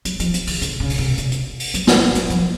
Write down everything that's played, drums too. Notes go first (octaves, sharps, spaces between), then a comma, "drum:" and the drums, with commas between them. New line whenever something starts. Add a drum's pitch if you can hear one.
F#3, drum: hi-hat
F3, drum: hi-hat
drum: hi-hat
D#3, drum: open hi-hat
D3, drum: hi-hat
C#3
drum: open hi-hat
C3
C3, drum: hi-hat
drum: hi-hat
drum: open hi-hat
F#3, drum: hi-hat
F3, drum: snare
F#3
F#3, drum: hi-hat
F3, drum: hi-hat